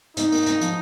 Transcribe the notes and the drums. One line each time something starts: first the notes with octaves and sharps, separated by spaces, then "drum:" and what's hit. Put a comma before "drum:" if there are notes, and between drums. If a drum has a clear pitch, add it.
G#2 D#4, drum: hi-hat
A#3, drum: open hi-hat
G#2, drum: hi-hat
F3, drum: hi-hat